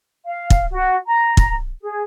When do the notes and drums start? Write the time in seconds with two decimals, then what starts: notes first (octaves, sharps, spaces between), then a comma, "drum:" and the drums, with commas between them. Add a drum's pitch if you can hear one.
0.25 F5
0.50 drum: kick
0.70 F#4
1.06 A#5
1.37 drum: kick
1.81 G#4